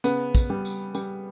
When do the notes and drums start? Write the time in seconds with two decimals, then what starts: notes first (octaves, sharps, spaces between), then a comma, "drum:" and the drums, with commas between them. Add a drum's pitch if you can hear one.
0.04 C#3 B3, drum: tambourine
0.35 drum: kick, tambourine
0.50 G3
0.65 drum: tambourine
0.95 G3, drum: tambourine